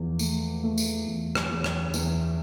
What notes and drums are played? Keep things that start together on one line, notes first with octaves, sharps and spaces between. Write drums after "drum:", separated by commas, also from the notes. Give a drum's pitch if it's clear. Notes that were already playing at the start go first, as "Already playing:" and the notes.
Already playing: E2 F3
A3, drum: tambourine
A3
drum: tambourine
E2
drum: rim click
E2
drum: rim click
E2, drum: tambourine